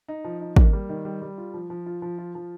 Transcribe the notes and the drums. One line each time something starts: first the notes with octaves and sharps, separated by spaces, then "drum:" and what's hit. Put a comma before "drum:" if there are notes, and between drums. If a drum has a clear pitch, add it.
D#4
F3
D#4
A#3, drum: kick
G3
D#3
G3
G3
F4
F3
F3
F4
F3
F4
F3